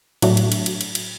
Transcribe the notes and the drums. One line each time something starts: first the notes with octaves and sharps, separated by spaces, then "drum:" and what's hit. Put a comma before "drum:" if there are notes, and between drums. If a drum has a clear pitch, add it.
A2 F#3 A3 D4 F#4, drum: cymbal
drum: cymbal
drum: cymbal
drum: cymbal
drum: cymbal
drum: cymbal